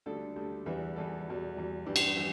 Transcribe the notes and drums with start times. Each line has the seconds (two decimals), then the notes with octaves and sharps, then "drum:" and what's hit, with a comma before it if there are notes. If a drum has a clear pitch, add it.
0.06 D2 D3 G3 A4 D5
0.36 D2 D3 G3
0.66 E2 E3 G3 B4 E5
0.96 E2 E3 G3 A4 D5
1.27 E2 B2 G3
1.56 E2 B2 G3
1.86 G2 E3 G3 D4 G4
1.96 drum: cymbal
2.17 E3 G3